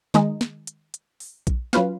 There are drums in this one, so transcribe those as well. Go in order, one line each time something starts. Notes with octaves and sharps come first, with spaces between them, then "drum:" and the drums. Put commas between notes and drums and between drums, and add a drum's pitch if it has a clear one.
D#3 G#3 D#4 G#4 D#5, drum: snare
drum: snare
drum: hi-hat
drum: hi-hat
drum: open hi-hat
drum: kick A#1, hi-hat
F#3 C#4 F4 B4 F5, drum: snare